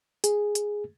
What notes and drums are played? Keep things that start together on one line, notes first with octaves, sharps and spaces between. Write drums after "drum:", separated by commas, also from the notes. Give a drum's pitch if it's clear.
G#4, drum: hi-hat
drum: hi-hat